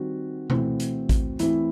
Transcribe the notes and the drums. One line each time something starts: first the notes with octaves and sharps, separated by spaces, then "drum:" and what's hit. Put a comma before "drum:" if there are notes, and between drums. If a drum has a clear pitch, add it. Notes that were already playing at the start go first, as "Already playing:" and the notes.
Already playing: D#3 G3 C4 F#4
E3 A3 C4, drum: tom B2
drum: hi-hat
drum: kick A1, hi-hat
E3 A3 C4 E4, drum: hi-hat